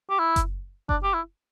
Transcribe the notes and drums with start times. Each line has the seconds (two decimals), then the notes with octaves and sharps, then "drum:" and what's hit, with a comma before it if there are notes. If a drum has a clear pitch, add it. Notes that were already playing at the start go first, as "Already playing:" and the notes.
0.10 G4
0.19 E4
0.36 drum: kick F#1, hi-hat
0.89 D4, drum: kick F#1
1.03 G4
1.14 E4